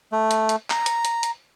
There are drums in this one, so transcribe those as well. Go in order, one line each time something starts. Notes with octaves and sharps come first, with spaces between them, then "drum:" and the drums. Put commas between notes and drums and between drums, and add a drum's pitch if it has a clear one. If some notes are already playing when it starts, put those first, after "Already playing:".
A3
drum: hi-hat
drum: hi-hat
A#5, drum: clap
drum: hi-hat
drum: hi-hat
drum: hi-hat